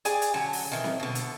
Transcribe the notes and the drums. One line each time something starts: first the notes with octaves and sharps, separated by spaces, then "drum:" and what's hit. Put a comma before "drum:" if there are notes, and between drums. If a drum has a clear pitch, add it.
G#4 D5 G#5, drum: hi-hat
drum: hi-hat
D3 F#3 C#4
drum: open hi-hat
D#3 E3
drum: snare C4
B2 D3
drum: hi-hat